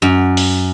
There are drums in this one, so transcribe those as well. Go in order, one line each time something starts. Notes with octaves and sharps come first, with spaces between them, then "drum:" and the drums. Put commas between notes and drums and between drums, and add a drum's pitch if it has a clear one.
F#2
drum: open hi-hat